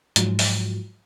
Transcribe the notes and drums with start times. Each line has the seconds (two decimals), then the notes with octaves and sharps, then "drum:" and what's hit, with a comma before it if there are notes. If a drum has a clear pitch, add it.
0.16 G#2 F3 F#3, drum: hi-hat
0.39 drum: open hi-hat